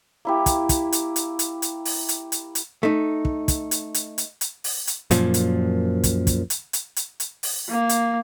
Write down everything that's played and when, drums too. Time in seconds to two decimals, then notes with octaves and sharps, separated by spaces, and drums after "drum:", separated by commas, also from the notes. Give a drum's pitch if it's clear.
0.25 A#3 E4 G4
0.46 drum: kick, hi-hat
0.69 drum: kick, hi-hat
0.92 drum: hi-hat
1.16 drum: hi-hat
1.39 drum: hi-hat
1.62 drum: hi-hat
1.85 drum: open hi-hat
2.09 drum: hi-hat
2.32 drum: hi-hat
2.55 drum: hi-hat
2.83 A3 D#4
3.25 drum: kick
3.48 drum: kick, hi-hat
3.71 drum: hi-hat
3.94 drum: hi-hat
4.18 drum: hi-hat
4.41 drum: hi-hat
4.64 drum: open hi-hat
4.87 drum: hi-hat
5.11 F#2 A#2 F3, drum: hi-hat
5.34 drum: hi-hat
6.04 drum: kick, hi-hat
6.27 drum: kick, hi-hat
6.50 drum: hi-hat
6.73 drum: hi-hat
6.96 drum: hi-hat
7.20 drum: hi-hat
7.43 drum: open hi-hat
7.69 A#3
7.89 drum: hi-hat